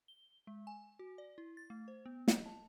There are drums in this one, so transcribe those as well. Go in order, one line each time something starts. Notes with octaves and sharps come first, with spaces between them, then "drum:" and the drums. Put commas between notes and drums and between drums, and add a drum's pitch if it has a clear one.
G7
G#3
G#5
F#4
D5
E4
A6
A3
C5
B3
D#5, drum: snare
A5